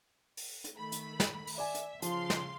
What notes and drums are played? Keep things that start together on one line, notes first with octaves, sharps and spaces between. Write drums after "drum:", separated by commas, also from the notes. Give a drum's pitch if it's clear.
drum: open hi-hat
drum: hi-hat
D#3 A3 B5
drum: hi-hat
drum: snare
drum: open hi-hat
D5 E5 G#5
drum: hi-hat
C#3 F3 F5 C6, drum: hi-hat
drum: snare